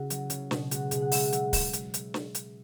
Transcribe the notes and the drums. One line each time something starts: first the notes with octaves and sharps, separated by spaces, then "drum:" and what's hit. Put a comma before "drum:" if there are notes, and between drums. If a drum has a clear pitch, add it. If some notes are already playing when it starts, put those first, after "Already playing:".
Already playing: C#3 E4 F#4 G#4
F#3, drum: hi-hat
C#3, drum: hi-hat
B2, drum: snare
G#3 F#4, drum: hi-hat
B2 G#4, drum: hi-hat
F#5
G#3 E5, drum: open hi-hat
F#5
F#3 E5, drum: hi-hat
drum: kick D1, open hi-hat
drum: hi-hat
drum: hi-hat
drum: snare
drum: hi-hat